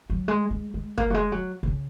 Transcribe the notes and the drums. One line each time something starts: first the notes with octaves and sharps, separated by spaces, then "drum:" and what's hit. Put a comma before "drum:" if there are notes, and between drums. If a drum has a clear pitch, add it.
F#3
G#3
G#3
G#3
A#3, drum: kick
F#3
G#3
F#3
B2
C#3